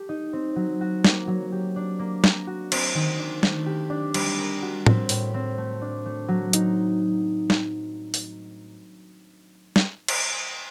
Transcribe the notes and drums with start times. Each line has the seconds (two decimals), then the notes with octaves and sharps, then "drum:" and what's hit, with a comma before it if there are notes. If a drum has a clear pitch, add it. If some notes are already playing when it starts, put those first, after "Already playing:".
Already playing: A3 G4
0.09 D#4
0.33 C4
0.56 F#3
0.81 F#4
1.05 A#3, drum: snare
1.27 F#3
1.52 G4
1.76 D4
1.99 A#3
2.24 A#4, drum: snare
2.47 F#4
2.72 C4, drum: cymbal
2.95 D#3
3.19 D4
3.43 A3, drum: snare
3.66 G4
3.90 D4
4.14 G3, drum: cymbal
4.38 A#4
4.62 F#4
4.86 C4, drum: tom A2
5.09 A2, drum: open hi-hat
5.34 C4
5.58 A3
5.82 D4
6.06 A3
6.28 F#3
6.53 D#4, drum: hi-hat
7.50 drum: snare
8.14 drum: open hi-hat
9.76 drum: snare
10.08 drum: cymbal